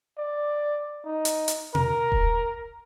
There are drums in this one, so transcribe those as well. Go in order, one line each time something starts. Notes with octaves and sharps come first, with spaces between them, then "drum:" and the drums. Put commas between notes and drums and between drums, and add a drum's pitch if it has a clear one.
D5
D#4
drum: hi-hat
drum: hi-hat
A#4, drum: tom B2
drum: kick D#1